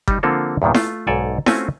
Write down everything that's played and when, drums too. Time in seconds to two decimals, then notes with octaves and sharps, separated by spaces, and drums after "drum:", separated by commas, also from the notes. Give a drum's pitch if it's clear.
0.08 G3 D#4, drum: kick G1
0.23 D3 F3 A#3 C4 F4 A4
0.62 E2 G2 A#2 D#3
0.74 A3 F4, drum: snare E4
1.07 B1 G#2 A4 D5 G#5
1.46 A3 C4 C#4 F4 F#4 G#5, drum: snare E4